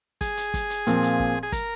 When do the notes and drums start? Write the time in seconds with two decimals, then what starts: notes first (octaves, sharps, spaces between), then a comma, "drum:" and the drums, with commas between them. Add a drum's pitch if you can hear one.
0.21 G#4, drum: kick, hi-hat
0.37 drum: hi-hat
0.54 drum: kick, hi-hat
0.70 drum: hi-hat
0.87 A#2 F3 C4, drum: hi-hat
1.03 drum: hi-hat
1.19 drum: kick
1.43 G#4
1.52 A#4, drum: kick, hi-hat